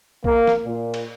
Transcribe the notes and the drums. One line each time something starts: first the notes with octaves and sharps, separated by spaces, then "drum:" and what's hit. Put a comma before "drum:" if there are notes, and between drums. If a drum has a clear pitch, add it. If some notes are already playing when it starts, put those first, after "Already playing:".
A#3, drum: kick A#1
drum: snare
A#2
drum: cymbal